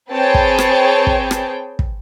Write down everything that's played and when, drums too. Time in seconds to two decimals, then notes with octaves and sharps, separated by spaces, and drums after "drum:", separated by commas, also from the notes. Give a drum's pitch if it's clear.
0.10 C4 G#4 B4 C#5 G5 A5
0.34 drum: kick
0.59 drum: rim click
1.07 drum: kick
1.31 drum: rim click
1.79 drum: kick